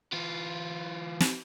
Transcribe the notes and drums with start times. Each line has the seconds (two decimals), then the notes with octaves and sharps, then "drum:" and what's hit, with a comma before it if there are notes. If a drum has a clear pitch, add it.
0.13 E3 F4
1.20 drum: snare